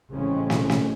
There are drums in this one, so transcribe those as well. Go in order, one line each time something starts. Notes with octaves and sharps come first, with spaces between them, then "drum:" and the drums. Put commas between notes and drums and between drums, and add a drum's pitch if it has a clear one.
A1 C#3 G#3 A3 C4 C#4
drum: snare
drum: snare